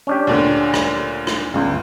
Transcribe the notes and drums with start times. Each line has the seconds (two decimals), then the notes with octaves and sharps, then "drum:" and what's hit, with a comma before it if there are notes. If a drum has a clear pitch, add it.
0.07 C#4 D4 G4
0.27 D2 A#2 D3
0.74 drum: rim click
1.27 drum: rim click
1.54 G1 C#2 C#3